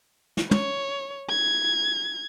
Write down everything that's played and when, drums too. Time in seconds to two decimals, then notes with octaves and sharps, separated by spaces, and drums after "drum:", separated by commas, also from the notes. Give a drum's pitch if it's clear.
0.37 drum: snare
0.51 C#5, drum: tom
1.30 G#6